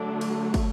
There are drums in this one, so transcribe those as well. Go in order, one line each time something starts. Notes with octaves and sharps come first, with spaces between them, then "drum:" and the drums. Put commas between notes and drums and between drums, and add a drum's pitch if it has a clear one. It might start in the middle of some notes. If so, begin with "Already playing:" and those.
Already playing: D3 F#3 A3 D4
drum: cymbal
drum: kick, cymbal